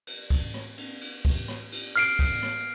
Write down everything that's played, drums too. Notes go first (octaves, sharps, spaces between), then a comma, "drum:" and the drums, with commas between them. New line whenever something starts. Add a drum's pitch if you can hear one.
drum: cymbal
drum: kick, cymbal
drum: rim click
drum: cymbal
drum: cymbal
drum: kick, cymbal
drum: rim click
drum: cymbal
F6 C7 D7, drum: cymbal
drum: kick, cymbal
drum: rim click